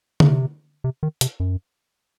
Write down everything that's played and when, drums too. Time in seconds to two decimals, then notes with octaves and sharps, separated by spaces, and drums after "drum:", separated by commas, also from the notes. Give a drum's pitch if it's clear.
0.20 C#3, drum: tom D3
0.29 C3
0.84 C3
1.03 D#3
1.21 C3, drum: hi-hat
1.40 F#2